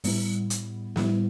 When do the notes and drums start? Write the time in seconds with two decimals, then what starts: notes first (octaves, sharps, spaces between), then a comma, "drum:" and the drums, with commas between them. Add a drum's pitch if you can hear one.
0.04 A2 G3 B3 E4, drum: open hi-hat
0.50 drum: hi-hat
0.96 A2 G3 B3 E4, drum: snare